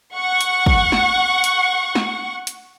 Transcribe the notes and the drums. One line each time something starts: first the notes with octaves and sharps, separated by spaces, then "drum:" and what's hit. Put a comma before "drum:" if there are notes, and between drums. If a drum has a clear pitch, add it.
F#5 C#6
drum: hi-hat
drum: kick
drum: snare
drum: hi-hat
drum: snare
drum: hi-hat